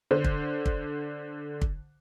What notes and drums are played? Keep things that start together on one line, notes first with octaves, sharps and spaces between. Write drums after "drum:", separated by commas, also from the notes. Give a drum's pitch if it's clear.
D3 C5
drum: kick
drum: kick
drum: kick